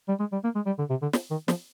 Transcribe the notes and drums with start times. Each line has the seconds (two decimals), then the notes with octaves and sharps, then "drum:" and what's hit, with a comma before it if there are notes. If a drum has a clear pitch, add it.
0.09 G3
0.20 G#3
0.33 G3
0.44 A#3
0.55 G#3
0.66 G3
0.79 D3
0.90 C3
1.02 D3
1.13 drum: snare
1.31 D#3
1.48 F3, drum: snare